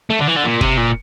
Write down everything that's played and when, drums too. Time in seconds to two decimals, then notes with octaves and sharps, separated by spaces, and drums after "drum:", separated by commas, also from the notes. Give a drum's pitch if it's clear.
0.10 A3
0.19 D3
0.27 E3
0.36 D3
0.44 A#2
0.61 C3, drum: kick
0.77 A#2